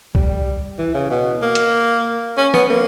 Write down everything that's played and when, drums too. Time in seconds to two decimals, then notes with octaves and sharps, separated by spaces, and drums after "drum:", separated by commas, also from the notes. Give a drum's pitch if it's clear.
0.15 G3, drum: kick C2
0.79 E3
0.94 C#3
1.10 B2
1.42 A#3
1.55 drum: hi-hat
2.37 C#4
2.54 B3, drum: snare
2.70 A#3